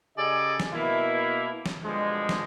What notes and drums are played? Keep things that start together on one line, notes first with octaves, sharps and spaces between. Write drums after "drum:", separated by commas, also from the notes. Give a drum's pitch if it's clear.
C#3 G4 A4 D5 D#5 G#5
drum: snare
B2 A#3 E4
drum: snare
B2 D3 F3 G3 G#3
drum: snare